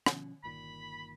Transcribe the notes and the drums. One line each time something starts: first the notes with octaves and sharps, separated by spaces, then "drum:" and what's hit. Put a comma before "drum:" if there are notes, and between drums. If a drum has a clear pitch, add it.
B2 F3 C#4, drum: rim click
G1 A#2 D#3 B5